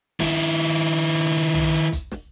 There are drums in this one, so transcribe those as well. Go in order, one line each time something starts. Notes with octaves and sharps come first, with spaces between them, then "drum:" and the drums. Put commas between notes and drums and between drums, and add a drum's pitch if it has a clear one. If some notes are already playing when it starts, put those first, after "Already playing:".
D#3 E4, drum: snare
drum: hi-hat
drum: hi-hat
drum: hi-hat
drum: hi-hat
drum: hi-hat
drum: hi-hat
drum: tom
drum: hi-hat
drum: kick, hi-hat
drum: snare